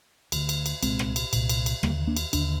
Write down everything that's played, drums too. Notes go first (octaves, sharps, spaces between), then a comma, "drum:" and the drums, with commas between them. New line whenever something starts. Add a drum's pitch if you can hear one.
D2 D3, drum: cymbal
drum: cymbal
drum: cymbal
C2 A#2 G#3 C4, drum: cymbal
drum: rim click
drum: cymbal
C2 A#2, drum: cymbal
drum: cymbal
drum: cymbal
D#2 D3 G3 A#3, drum: rim click
A#3 D4
drum: cymbal
D#2 D3 D4, drum: cymbal